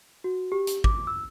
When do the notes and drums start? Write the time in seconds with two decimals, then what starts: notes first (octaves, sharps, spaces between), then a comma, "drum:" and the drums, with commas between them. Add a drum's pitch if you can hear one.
0.24 F#4
0.52 G4
0.67 drum: hi-hat
0.84 D6, drum: kick G#1
1.07 E6